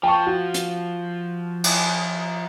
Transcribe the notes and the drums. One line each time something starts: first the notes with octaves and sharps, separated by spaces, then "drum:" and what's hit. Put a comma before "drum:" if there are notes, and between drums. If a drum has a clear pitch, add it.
F3 G5 A5 C#6
F#4
drum: hi-hat
drum: cymbal